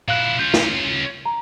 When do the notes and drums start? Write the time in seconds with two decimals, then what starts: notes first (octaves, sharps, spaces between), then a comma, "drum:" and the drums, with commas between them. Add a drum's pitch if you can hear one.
0.08 A#2 E4 F5 F#6
0.39 C#4 F4 G6
0.54 drum: snare
1.26 A#5